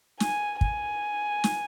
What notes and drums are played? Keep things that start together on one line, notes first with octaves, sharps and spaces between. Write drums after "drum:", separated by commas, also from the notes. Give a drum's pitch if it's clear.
G#5, drum: snare
G#5, drum: kick
drum: snare